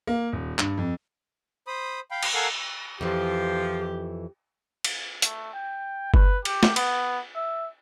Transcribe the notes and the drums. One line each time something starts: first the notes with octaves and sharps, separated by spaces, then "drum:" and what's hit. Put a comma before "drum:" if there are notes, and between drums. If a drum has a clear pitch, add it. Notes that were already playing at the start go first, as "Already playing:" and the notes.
A#3
D#1
G2, drum: clap
F2
C5 B5 D#6
F5 G5 B5
drum: cymbal
A4 A#4 F5 F#5 G#5
F2 E3 F3 G4
drum: cymbal
A3, drum: hi-hat
G5
B4, drum: kick G1
G4, drum: cymbal
drum: snare
B3, drum: cymbal
E5